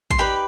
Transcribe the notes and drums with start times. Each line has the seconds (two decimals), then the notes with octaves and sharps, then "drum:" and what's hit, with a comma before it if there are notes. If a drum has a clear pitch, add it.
0.10 C6, drum: kick A1
0.18 D#4 G4 B4 D5 B5